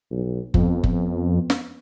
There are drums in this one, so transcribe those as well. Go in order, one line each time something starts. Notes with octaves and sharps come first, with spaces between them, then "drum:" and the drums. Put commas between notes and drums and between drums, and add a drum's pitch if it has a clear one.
B1
F2 B3, drum: kick F#1
drum: kick F#1
drum: snare